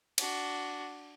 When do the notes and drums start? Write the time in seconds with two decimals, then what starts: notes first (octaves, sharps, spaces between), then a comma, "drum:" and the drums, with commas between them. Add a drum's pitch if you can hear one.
0.18 D4 F#4, drum: cymbal